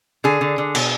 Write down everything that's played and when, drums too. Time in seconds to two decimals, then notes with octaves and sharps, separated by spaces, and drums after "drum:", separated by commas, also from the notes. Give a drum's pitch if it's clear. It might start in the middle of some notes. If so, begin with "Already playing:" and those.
0.24 D3 G#4
0.41 D3
0.58 D3
0.75 B2, drum: cymbal